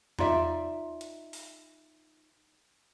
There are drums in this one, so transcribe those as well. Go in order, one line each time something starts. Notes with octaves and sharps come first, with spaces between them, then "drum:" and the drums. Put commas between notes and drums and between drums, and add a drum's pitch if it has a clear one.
D#4 F4 D5 E5, drum: tom E2
drum: hi-hat
drum: open hi-hat